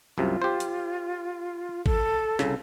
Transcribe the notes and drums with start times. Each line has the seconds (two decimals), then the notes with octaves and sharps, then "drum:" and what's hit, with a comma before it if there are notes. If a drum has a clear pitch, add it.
0.18 C2 F#2 C3 F4
0.42 G4 C5
0.60 drum: hi-hat
1.86 A4, drum: kick G#1
2.39 C2 C#3, drum: snare